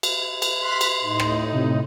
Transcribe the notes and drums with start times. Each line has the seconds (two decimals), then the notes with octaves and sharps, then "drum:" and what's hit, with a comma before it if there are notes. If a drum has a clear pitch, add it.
0.03 drum: cymbal
0.42 drum: cymbal
0.61 B5 C6 F6 F#6
0.81 drum: cymbal
1.04 A2 D#4
1.20 drum: rim click
1.53 C3